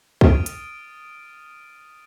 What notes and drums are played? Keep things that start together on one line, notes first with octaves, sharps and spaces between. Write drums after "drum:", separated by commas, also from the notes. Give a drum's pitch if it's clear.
D#6 F6 A6 D7 D#7, drum: kick
drum: hi-hat